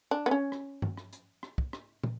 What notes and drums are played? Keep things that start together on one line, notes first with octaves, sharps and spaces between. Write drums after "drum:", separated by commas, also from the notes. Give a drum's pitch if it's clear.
D4
B3
C#4
drum: rim click
drum: tom G2
drum: rim click
drum: hi-hat
drum: rim click
drum: kick
drum: rim click
drum: tom